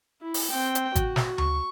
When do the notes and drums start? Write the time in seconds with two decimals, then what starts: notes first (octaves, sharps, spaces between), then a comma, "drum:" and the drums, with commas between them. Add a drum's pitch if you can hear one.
0.21 E4
0.34 drum: open hi-hat
0.50 C4 G5
0.75 drum: hi-hat
0.95 F#4, drum: kick G#1, hi-hat
1.16 drum: snare
1.38 C#6, drum: tom D2